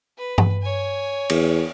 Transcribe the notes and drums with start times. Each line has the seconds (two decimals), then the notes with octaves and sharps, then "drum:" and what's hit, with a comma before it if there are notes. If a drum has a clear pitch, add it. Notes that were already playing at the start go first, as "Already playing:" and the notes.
0.18 B4
0.38 drum: tom G2
0.62 C#5 G#5
1.30 E2, drum: cymbal